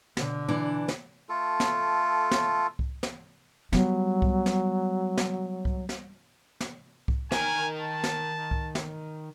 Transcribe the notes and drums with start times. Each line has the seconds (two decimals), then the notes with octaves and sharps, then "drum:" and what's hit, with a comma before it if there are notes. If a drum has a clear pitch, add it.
0.17 B2 D3, drum: snare
0.48 E3 D4
0.88 drum: snare
1.29 A3 F4 A4
1.60 drum: snare
2.31 drum: snare
2.79 drum: kick C2
3.03 drum: snare
3.73 F#3 G3 B3, drum: snare
4.22 drum: kick C2
4.46 drum: snare
5.17 drum: snare
5.65 drum: kick C2
5.89 drum: snare
6.61 drum: snare
7.08 drum: kick C2
7.32 D#3 A#4 G#5, drum: snare
7.80 A5
8.04 drum: snare
8.51 drum: kick C2
8.75 drum: snare